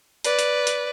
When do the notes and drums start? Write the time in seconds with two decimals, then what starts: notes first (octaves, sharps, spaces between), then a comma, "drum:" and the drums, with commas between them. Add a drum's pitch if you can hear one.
0.24 B4 D5, drum: hi-hat
0.39 drum: hi-hat
0.67 drum: hi-hat